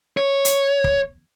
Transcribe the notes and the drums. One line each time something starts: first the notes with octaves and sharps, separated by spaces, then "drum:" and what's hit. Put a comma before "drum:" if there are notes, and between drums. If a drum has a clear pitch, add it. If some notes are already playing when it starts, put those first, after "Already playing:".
C#5
drum: hi-hat
drum: kick